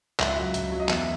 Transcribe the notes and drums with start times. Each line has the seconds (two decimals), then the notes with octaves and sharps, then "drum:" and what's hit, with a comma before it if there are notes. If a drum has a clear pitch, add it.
0.19 C#2 E5, drum: clap
0.28 F#5
0.36 F#3 E5
0.54 C#2, drum: hi-hat
0.72 F#3
0.80 D#5
0.89 E2 E5, drum: clap